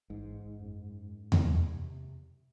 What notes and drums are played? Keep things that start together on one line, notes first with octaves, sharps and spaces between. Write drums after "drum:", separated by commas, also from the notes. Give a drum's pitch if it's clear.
A1 G#2
F#2
C3, drum: tom E2